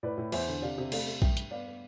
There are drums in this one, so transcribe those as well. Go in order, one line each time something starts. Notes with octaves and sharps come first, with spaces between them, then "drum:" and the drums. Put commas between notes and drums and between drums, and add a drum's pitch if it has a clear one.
A2 B4 D5
A2
E2 C5 E5, drum: cymbal
D3
C3 D5 F5
C3
A3 D5 F5, drum: cymbal
A3
G2 E5 G5, drum: kick A#1
G2, drum: hi-hat
B3 D5 F5
B3